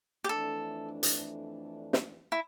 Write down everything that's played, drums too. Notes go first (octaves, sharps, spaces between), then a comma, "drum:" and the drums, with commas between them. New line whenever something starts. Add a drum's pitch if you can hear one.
G4
F2 E3 A3 D4 A4
drum: hi-hat
drum: snare
E4